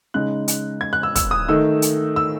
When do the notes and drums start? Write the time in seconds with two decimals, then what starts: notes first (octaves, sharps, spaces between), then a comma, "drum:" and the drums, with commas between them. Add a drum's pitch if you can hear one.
0.14 C#3 G#3 D#4 F#6
0.48 drum: hi-hat
0.81 G#6
0.93 F#6
1.03 E6
1.16 E6, drum: kick, hi-hat
1.31 D#6
1.48 D#3 A3 D#4 E6
1.82 drum: hi-hat
2.16 E6